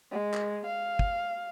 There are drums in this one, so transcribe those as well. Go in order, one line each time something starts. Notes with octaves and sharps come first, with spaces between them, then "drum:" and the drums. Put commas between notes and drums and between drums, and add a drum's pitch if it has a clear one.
G#3
drum: clap
F5
drum: kick